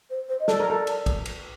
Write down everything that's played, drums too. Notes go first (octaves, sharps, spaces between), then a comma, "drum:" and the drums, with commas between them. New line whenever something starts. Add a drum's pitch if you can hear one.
C5
C5
D#5
A4 D5, drum: snare
A#4
A4
drum: cymbal
drum: kick, cymbal
drum: cymbal